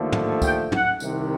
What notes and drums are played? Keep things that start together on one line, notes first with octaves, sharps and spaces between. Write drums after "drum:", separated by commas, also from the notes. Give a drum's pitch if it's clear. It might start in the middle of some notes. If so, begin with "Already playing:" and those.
Already playing: D#2 D3 F3 A3
drum: tom
G5, drum: kick, tambourine
F#5, drum: tom
C2 C3 D#3, drum: tambourine